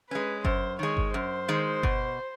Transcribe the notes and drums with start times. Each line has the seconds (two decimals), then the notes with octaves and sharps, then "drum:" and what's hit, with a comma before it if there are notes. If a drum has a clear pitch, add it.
0.11 G#3 C#4 B4
0.45 F#2 C5, drum: kick G1
0.79 D#3 G#3 C#5
0.97 drum: kick G1
1.14 F#2 C5
1.48 D#3 G#3
1.83 B2, drum: kick G1